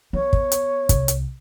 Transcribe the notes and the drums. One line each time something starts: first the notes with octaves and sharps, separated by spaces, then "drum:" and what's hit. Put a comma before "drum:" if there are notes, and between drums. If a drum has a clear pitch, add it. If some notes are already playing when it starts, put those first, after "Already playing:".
B3 C#5
drum: kick
drum: hi-hat
C2, drum: kick, hi-hat
drum: hi-hat